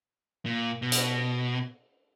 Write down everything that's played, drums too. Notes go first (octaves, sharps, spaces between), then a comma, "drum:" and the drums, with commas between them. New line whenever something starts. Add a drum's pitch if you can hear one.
A#2
B2
drum: hi-hat